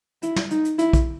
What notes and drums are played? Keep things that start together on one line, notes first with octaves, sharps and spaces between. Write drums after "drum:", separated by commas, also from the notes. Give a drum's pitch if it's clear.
E4, drum: hi-hat
drum: snare
D#4, drum: hi-hat
drum: hi-hat
E4, drum: hi-hat
drum: kick, hi-hat